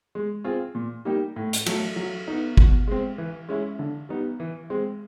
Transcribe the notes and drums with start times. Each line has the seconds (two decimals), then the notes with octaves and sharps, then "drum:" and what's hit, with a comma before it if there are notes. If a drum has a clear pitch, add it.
0.15 G#3
0.44 C4 F4 G#4
0.75 A#2
1.05 G3 A#3 D#4 G4
1.36 A2
1.53 drum: hi-hat
1.66 F#3 A3, drum: cymbal
1.96 F#3
2.28 B3 D#4
2.57 B2, drum: kick G1
2.88 G#3 C4
3.18 E3
3.49 G#3 C#4 E4
3.79 D3
4.09 G3 B3 D#4
4.40 E3
4.70 G#3 C4